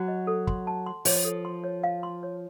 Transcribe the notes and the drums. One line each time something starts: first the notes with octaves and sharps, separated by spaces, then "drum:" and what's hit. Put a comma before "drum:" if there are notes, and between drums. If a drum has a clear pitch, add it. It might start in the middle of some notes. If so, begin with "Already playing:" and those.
Already playing: F#3 F#4
D#5
A4
C6, drum: kick
A5
C6
F3 C#5, drum: open hi-hat
A4
C6
C#5
F5
C6
C#5